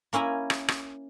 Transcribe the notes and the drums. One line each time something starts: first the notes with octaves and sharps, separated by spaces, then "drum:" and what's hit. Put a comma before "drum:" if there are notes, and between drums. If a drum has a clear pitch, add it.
A#3 C#4 E4 G#5 A#5
drum: rim click
drum: rim click